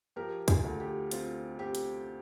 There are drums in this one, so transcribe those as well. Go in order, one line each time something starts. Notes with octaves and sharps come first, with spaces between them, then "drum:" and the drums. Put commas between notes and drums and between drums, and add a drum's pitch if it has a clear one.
F3 G4 A#4
F4 G#4, drum: kick, hi-hat
D2
G4
C4 F4, drum: hi-hat
C4 G4
drum: hi-hat